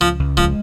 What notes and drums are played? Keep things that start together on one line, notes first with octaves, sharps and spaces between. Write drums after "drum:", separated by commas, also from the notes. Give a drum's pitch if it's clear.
C#2 F3
C#2
F3 G#3, drum: kick